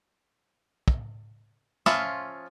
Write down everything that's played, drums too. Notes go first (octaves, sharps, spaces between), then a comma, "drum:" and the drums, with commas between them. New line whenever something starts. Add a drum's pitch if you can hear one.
drum: kick
F3 C#4 F4 E5 B5, drum: snare